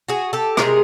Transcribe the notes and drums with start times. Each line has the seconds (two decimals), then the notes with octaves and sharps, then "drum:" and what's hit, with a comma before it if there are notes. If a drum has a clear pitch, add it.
0.08 F#4 G#4
0.33 G4 A4
0.57 C3 F3 G#3 G#4 A#4, drum: rim click